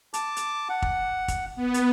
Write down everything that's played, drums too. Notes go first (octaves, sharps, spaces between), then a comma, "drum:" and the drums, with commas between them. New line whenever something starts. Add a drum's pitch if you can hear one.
A5 D6, drum: hi-hat
drum: hi-hat
F#5
drum: kick
drum: kick, hi-hat
B3
drum: hi-hat